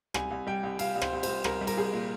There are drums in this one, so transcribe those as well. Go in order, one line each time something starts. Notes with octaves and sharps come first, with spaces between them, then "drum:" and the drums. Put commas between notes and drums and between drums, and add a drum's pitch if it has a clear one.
C2 G#5, drum: rim click
C2
G3 G5
C2
C2 F5, drum: cymbal
C2
C5, drum: rim click
C2
C2 C5, drum: cymbal
C2 A#4, drum: rim click
G3
A#4, drum: cymbal
C2 G#4
A#2